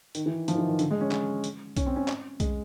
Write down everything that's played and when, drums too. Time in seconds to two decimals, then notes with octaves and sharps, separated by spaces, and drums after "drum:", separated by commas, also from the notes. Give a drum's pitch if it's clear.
0.15 D#3, drum: hi-hat
0.26 E3
0.48 F3, drum: hi-hat
0.53 D#3
0.58 E3
0.68 D#3
0.79 D3, drum: hi-hat
0.91 G#3
1.01 C#4
1.11 C#4, drum: clap
1.44 drum: hi-hat
1.77 C#4, drum: kick B1, hi-hat
1.87 C4
1.96 C#4
2.08 drum: clap
2.40 G#3, drum: kick B1, hi-hat